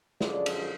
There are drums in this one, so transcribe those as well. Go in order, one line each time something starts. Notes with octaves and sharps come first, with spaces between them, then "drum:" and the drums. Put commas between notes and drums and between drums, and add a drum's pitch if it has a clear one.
F#2 D3 F3 G#3 D5, drum: snare
drum: cymbal